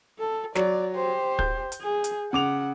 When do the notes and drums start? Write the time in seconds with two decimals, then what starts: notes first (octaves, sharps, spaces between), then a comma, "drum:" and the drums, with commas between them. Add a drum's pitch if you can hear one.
0.19 A4
0.55 F#3 D5, drum: snare
0.94 G4 C5
1.39 G6, drum: kick
1.72 drum: hi-hat
1.81 G#4
2.04 drum: hi-hat
2.33 C#3 F#5 D6 F7